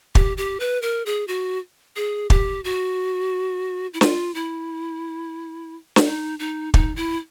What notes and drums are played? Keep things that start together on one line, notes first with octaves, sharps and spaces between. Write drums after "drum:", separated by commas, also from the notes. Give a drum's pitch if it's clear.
G4, drum: kick
G4
B4
A#4
G#4
F#4
G#4
G4, drum: kick
F#4
E4
F4, drum: snare
E4
drum: snare
D#4
D#4
D#4, drum: kick
E4